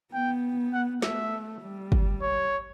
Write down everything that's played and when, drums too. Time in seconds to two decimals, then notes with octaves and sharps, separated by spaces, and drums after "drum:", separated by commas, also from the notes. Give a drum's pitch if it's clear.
0.13 B3 G5
0.73 F#5
1.02 A3 E5, drum: snare
1.62 G3
1.92 drum: kick
2.21 C#5